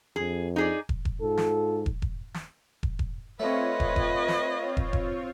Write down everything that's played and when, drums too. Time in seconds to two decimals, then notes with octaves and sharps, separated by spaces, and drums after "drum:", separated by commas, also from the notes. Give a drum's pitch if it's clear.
0.16 F2 G#4
0.56 D#4 G#4 D5
0.89 drum: kick
1.05 drum: kick
1.21 G#2 F4 A4
1.37 drum: snare
1.86 drum: kick
2.02 drum: kick
2.34 drum: snare
2.83 drum: kick
2.99 drum: kick
3.40 A3 C4 F4 B4 C#5 D#5
3.80 drum: kick
3.96 drum: kick
4.28 drum: snare
4.77 drum: kick
4.93 drum: kick